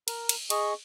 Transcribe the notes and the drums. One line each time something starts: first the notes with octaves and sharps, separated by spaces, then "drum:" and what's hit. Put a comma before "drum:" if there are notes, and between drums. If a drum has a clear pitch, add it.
A#4, drum: cymbal
drum: cymbal
G#4 D#5 C#6, drum: cymbal